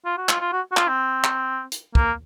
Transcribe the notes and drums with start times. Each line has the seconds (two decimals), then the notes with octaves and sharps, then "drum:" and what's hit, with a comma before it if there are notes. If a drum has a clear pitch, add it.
0.05 F4
0.17 F#4
0.29 F4, drum: clap
0.40 F4
0.53 F#4
0.72 F#4
0.77 F4, drum: clap
0.88 C4
1.24 drum: clap
1.72 drum: hi-hat
1.95 A#3, drum: kick